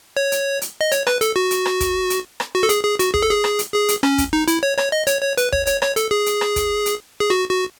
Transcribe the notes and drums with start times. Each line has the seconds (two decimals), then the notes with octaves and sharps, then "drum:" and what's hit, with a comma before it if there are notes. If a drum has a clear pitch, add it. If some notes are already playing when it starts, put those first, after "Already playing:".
0.17 C#5
0.32 drum: hi-hat
0.61 drum: hi-hat
0.81 D#5
0.92 C#5, drum: hi-hat
1.07 B4, drum: rim click
1.21 A4, drum: hi-hat
1.36 F#4
1.51 drum: hi-hat
1.66 drum: rim click
1.80 drum: kick, hi-hat
2.10 drum: hi-hat
2.40 drum: rim click
2.55 F#4
2.63 A4
2.69 G#4, drum: hi-hat
2.85 G#4
2.99 F#4, drum: hi-hat
3.14 G#4, drum: kick
3.23 A4
3.31 G#4
3.44 drum: rim click
3.59 drum: hi-hat
3.74 G#4
3.88 drum: hi-hat
4.03 C#4, drum: rim click
4.18 drum: kick, hi-hat
4.33 D#4
4.48 E4, drum: hi-hat
4.63 C#5
4.78 C#5, drum: rim click
4.92 D#5
5.07 C#5, drum: hi-hat
5.22 C#5
5.37 B4, drum: hi-hat
5.53 C#5, drum: kick
5.67 C#5, drum: hi-hat
5.82 C#5, drum: rim click
5.96 A4, drum: hi-hat
6.11 G#4
6.26 drum: hi-hat
6.41 drum: rim click
6.56 drum: kick, hi-hat
6.86 drum: hi-hat
7.20 G#4
7.30 F#4
7.51 F#4